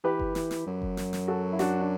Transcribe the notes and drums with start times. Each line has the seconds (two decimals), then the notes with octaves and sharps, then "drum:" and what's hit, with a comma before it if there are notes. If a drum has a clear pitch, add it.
0.04 E3 G4 B4
0.20 drum: kick F#1
0.35 E3, drum: snare
0.51 drum: snare
0.67 F#2
0.82 drum: kick F#1
0.97 drum: snare
1.13 drum: snare
1.28 F#4 A4
1.52 E4
1.59 D4 F#4, drum: snare
1.79 D4